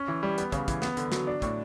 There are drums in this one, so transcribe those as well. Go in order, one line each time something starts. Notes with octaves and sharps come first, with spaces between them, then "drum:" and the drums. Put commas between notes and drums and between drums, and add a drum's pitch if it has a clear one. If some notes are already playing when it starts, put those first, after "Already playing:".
Already playing: C#4
E3
G3
B3, drum: hi-hat
C#3, drum: kick, hi-hat
E3, drum: kick, hi-hat
B3, drum: snare
D3, drum: hi-hat
F#3, drum: snare
D4
A2, drum: kick, hi-hat